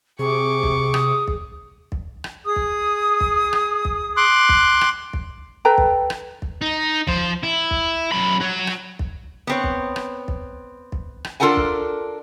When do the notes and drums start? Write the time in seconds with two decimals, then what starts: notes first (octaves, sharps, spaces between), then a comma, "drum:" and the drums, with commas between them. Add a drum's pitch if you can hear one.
0.19 C3 G#4 C#6 D6
0.63 drum: kick
0.94 D#6, drum: rim click
1.28 drum: kick
1.92 drum: kick
2.24 drum: rim click
2.45 G#4 D#6
2.56 drum: kick
3.20 drum: kick
3.53 drum: rim click
3.85 drum: kick
4.17 C6 D6 F#6
4.49 drum: kick
4.81 drum: rim click
5.13 drum: kick
5.65 A4 B4 G5 A#5
5.78 drum: kick
6.10 drum: rim click
6.42 drum: kick
6.61 D#4
7.07 F3 C5, drum: kick
7.44 E4
7.71 drum: kick
8.12 F#2 B5
8.40 F#4 C#5
8.67 drum: rim click
8.99 drum: kick
9.47 B3 C4 C#5
9.64 drum: kick
9.96 drum: rim click
10.28 drum: kick
10.92 drum: kick
11.24 drum: rim click
11.40 D4 F4 A4 A#4 F#5 G#5
11.57 drum: kick